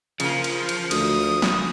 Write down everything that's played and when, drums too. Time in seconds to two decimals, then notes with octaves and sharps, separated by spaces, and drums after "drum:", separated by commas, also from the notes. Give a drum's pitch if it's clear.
0.20 C#3 F3 A#3, drum: cymbal
0.44 drum: cymbal
0.69 drum: cymbal
0.91 D2 D#6, drum: cymbal
1.42 drum: snare